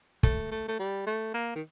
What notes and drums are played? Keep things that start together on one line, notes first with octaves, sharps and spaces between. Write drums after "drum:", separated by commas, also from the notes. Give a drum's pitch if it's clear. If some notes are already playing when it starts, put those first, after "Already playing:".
A3, drum: kick
A3
A3
G3
A3
A#3
D#3